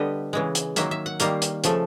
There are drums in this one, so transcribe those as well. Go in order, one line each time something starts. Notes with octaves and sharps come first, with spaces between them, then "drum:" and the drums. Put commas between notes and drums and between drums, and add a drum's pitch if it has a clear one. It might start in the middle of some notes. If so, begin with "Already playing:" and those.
Already playing: D3 G3 B3 D#5
C#3 E3 G#3
drum: hi-hat
D#3 F#3 A#3 E5, drum: hi-hat
E5
F#5
D#3 G3 A#3 F5, drum: hi-hat
drum: hi-hat
C#3 F3 A3, drum: hi-hat